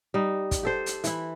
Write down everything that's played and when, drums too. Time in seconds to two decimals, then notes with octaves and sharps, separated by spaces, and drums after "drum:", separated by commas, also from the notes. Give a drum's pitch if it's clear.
0.14 G3 D#4
0.51 drum: kick, hi-hat
0.63 G4 A4 C5
0.86 drum: hi-hat
1.04 E3 E4, drum: hi-hat